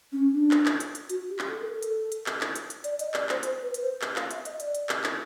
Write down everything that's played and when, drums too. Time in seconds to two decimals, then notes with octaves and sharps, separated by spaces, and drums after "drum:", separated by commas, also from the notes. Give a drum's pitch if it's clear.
0.12 C#4
0.32 D4
0.51 drum: clap
0.66 drum: clap
0.80 drum: hi-hat
0.95 drum: hi-hat
1.09 F#4, drum: hi-hat
1.29 G4
1.39 drum: clap
1.48 A4
1.61 A#4
1.73 A4
1.83 drum: hi-hat
2.12 drum: hi-hat
2.26 drum: clap
2.41 drum: clap
2.56 drum: hi-hat
2.70 drum: hi-hat
2.84 D5, drum: hi-hat
2.99 D#5, drum: hi-hat
3.14 D5, drum: clap
3.29 C5, drum: clap
3.43 C5, drum: hi-hat
3.63 B4
3.74 B4, drum: hi-hat
3.82 C5
4.02 drum: clap
4.16 F5, drum: clap
4.31 E5, drum: hi-hat
4.45 D#5, drum: hi-hat
4.60 D5, drum: hi-hat
4.75 drum: hi-hat
4.89 drum: clap
5.04 drum: clap